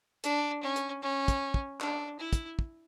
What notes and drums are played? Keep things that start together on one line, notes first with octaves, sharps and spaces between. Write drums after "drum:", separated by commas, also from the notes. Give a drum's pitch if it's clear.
D4, drum: hi-hat
C#4
drum: hi-hat
C#4
drum: kick, hi-hat
drum: kick
D4, drum: clap
E4
drum: kick, hi-hat
drum: kick